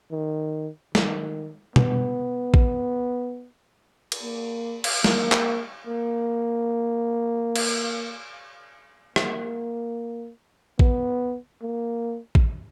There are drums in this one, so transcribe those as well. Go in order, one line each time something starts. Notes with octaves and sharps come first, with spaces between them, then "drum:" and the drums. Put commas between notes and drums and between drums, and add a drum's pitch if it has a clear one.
D#3
D#3, drum: snare
B3, drum: tom B2
drum: kick A1
drum: cymbal
A#3
drum: cymbal
A#3, drum: snare
drum: clap
A#3
drum: cymbal
A#3, drum: rim click
B3, drum: kick A1
A#3
drum: kick A1